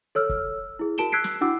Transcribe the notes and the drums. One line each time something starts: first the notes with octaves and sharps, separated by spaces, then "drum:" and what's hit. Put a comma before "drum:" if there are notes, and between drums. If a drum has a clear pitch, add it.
A4 C#5 E6 F6
drum: kick
E4 G#4
F#4 A#4 A5 D7 E7 G7, drum: hi-hat
E6 F#6 G#6 B6 C7 D7
drum: snare
D4 E4 F#4 F#5 D6 E6